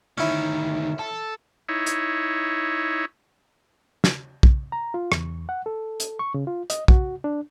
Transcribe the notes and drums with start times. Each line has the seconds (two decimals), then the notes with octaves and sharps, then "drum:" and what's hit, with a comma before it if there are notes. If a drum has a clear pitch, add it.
0.18 D2 D#3 C#4 E4
0.99 A4
1.69 D#4 E4 C#5
1.86 drum: hi-hat
4.04 drum: snare
4.43 drum: kick
4.72 A#5
4.94 F4
5.12 E2, drum: rim click
5.49 F#5
5.66 A4
6.00 drum: hi-hat
6.19 C#6
6.34 C#3
6.47 F4
6.70 D#5, drum: hi-hat
6.88 F#4, drum: kick
7.24 D4